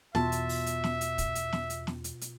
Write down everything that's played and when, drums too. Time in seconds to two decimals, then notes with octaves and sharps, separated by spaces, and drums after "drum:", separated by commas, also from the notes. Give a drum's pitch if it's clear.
0.15 E2 B2 F4 E5 A5, drum: snare
0.32 drum: hi-hat
0.49 drum: open hi-hat
0.66 drum: hi-hat
0.84 drum: snare
1.01 drum: hi-hat
1.18 drum: kick, hi-hat
1.35 drum: hi-hat
1.53 drum: snare
1.70 drum: hi-hat
1.87 drum: snare
2.04 drum: hi-hat
2.21 drum: hi-hat